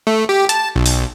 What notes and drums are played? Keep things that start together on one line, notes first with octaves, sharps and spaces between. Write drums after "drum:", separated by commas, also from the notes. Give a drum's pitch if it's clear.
A3
G4
A5, drum: hi-hat
B1
drum: open hi-hat